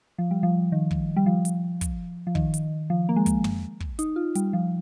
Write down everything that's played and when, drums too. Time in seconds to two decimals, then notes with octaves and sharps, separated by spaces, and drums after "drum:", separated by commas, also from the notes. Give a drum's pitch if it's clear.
0.18 F3
0.31 G3
0.43 F3
0.72 D#3
0.91 drum: kick
1.16 G3
1.26 F3
1.45 drum: hi-hat
1.81 drum: kick, hi-hat
2.27 F3
2.35 D#3, drum: kick
2.54 drum: hi-hat
2.90 F3
3.09 A#3
3.16 G#3
3.26 drum: kick, hi-hat
3.44 drum: tom
3.80 drum: kick
3.99 D#4, drum: hi-hat
4.16 F4
4.35 G3, drum: hi-hat
4.53 F3